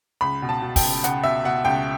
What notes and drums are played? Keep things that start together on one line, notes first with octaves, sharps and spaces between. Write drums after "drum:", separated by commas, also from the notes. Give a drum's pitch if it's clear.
C#2 B5
B2
A5
B2
G5, drum: kick, open hi-hat
C#2
C#2 F#5, drum: hi-hat
B2 E5
B2 F#5
C#2 G5